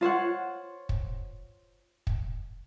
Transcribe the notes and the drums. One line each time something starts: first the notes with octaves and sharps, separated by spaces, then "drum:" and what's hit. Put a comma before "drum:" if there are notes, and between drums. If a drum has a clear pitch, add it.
F4 C5 C#5 F#5
drum: kick
drum: kick